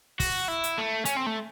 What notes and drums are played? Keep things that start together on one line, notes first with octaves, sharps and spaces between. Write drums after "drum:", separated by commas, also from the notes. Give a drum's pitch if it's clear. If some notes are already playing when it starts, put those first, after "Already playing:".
F#4, drum: kick, open hi-hat
E4
drum: hi-hat
A3
C#4, drum: hi-hat
C4
A3